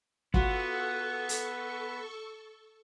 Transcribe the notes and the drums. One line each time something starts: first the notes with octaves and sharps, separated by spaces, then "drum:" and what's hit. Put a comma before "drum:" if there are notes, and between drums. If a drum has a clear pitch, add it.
B3 F4 F#4 A4 C#6, drum: kick
drum: hi-hat